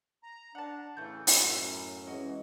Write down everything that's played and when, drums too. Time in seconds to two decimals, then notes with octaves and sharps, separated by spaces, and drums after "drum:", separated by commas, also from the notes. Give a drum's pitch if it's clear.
0.23 A#5
0.55 D4 F#5 A5
0.97 A2 C#3 E3 A3 G6
1.27 F#2 A2 F#3 E4, drum: open hi-hat
2.07 E3 G#3 C#4 F#4 D#5